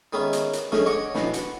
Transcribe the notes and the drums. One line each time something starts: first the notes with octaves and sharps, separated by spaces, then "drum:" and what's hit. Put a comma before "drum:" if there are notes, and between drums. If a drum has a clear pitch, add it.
D#3 G#3 B3 C#4 E5
drum: hi-hat
drum: hi-hat
G#3 A3 C#4 G#5, drum: snare
C#5 D#5 F#5 C#6 D6
B2 E3, drum: snare
F#5, drum: hi-hat